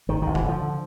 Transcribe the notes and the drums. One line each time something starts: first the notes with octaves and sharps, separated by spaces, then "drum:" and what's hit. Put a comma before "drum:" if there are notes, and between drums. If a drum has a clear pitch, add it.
G#1 D#3
G#1 D#3
E3, drum: kick F#1
D3 F3
D3